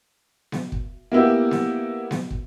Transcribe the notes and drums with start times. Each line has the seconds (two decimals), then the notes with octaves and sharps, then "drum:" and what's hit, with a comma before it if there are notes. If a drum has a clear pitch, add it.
0.52 drum: snare B3
0.72 drum: kick
1.12 A#3 B3 E4 G4
1.51 drum: snare B3
2.11 drum: snare B3
2.30 drum: kick